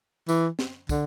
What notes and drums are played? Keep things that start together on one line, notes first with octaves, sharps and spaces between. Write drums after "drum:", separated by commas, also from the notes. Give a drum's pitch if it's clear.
E3, drum: tambourine
drum: snare
D3, drum: kick, tambourine